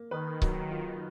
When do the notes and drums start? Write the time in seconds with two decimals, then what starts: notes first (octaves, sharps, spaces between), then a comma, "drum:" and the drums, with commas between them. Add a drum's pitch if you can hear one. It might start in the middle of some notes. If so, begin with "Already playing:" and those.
Already playing: A#3
0.11 D#3 B4
0.42 D#3 F#3, drum: kick C#1
0.71 F4